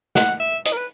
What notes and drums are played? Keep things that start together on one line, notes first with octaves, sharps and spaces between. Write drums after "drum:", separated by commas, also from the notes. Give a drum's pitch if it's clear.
F#5, drum: snare
E5
D#5, drum: hi-hat
A#4
B4